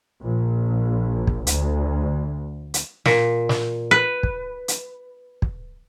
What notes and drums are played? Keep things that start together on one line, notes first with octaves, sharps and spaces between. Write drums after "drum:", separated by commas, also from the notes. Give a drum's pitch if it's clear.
A#1
drum: kick
D2, drum: hi-hat
drum: hi-hat
A#2, drum: snare
drum: snare
B4
drum: kick
drum: hi-hat
drum: kick